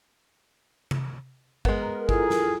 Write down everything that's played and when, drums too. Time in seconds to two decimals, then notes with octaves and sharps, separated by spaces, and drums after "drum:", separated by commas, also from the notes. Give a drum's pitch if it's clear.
0.91 drum: tom C3
1.65 G#3 B3 A#4, drum: kick
2.09 E4 F4 G#4 A4, drum: kick
2.30 drum: snare